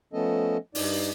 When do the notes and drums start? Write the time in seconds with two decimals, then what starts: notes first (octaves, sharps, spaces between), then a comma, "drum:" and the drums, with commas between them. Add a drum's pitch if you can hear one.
0.13 F3 A3 B3 C#4 A4 D#5
0.75 G2 D#4 D5, drum: open hi-hat